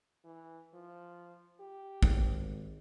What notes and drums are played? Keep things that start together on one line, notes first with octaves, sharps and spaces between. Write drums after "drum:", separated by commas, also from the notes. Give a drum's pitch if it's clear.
E3
F3
G4
G#1, drum: kick